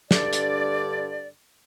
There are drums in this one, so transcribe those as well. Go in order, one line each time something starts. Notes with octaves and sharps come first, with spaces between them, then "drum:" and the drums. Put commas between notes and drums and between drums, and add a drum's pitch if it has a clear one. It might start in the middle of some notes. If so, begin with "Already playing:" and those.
G2 D3 D5, drum: snare
drum: hi-hat